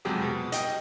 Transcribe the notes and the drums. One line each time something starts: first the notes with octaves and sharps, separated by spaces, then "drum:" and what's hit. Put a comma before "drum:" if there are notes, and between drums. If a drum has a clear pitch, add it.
F2 C3 F#3 G#3 G4 G#4
B2
D#5 G5, drum: hi-hat